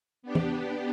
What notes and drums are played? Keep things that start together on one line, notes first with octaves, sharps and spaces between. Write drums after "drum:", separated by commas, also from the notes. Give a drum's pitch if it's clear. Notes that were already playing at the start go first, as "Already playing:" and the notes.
B3 D4 G4
drum: tom